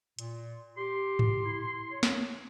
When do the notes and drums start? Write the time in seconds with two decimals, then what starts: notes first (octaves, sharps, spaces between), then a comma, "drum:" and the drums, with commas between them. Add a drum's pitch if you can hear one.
0.19 A#2, drum: hi-hat
0.77 G4 C6
1.19 drum: tom G#2
1.45 E4
1.91 C#5
2.03 drum: snare